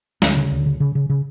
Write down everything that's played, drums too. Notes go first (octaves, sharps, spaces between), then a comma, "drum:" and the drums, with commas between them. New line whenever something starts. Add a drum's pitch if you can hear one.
D2 C#4, drum: snare
C#3
D2
C#3
C#3
C#3
C#3